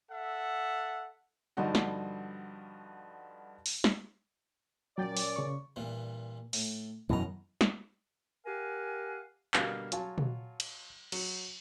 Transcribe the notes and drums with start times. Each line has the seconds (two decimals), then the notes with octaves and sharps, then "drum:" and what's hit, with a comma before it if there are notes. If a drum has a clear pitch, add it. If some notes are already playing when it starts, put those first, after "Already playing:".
0.11 A4 E5 F#5
1.57 G2 D3 F3 G3 D#4 F#4
1.75 drum: snare
3.66 drum: open hi-hat
3.84 drum: snare
4.98 A#2 F#3 C#4 D5 G5 A6
5.17 drum: open hi-hat
5.36 C#3 C#6
5.76 G2 A#2 E3
6.53 A2, drum: open hi-hat
7.10 F#2 B2 D#3 E3 A#5
7.61 drum: snare
8.46 G4 A#4 F5 F#5 G#5
9.54 B2 D3 G3 A#3, drum: clap
9.92 F#3 F4 F#4 G#5 A5, drum: hi-hat
10.18 drum: tom
10.60 drum: cymbal
11.12 F#3, drum: cymbal